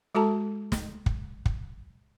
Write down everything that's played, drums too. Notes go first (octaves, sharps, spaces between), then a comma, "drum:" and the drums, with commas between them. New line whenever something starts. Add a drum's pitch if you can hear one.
G#3 F#4 A4 A5 A#5
drum: snare
drum: kick
drum: kick